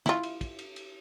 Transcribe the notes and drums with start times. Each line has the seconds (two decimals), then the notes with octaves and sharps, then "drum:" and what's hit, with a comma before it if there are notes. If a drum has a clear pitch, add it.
0.06 E4 F4, drum: snare
0.23 drum: cymbal
0.41 drum: kick, cymbal
0.59 drum: cymbal
0.76 drum: cymbal